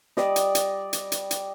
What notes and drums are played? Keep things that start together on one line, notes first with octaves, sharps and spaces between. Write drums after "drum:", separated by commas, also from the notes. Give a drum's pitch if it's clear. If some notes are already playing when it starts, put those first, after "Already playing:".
G3 D5 D#5, drum: snare
drum: hi-hat
drum: hi-hat
drum: hi-hat
drum: hi-hat
drum: hi-hat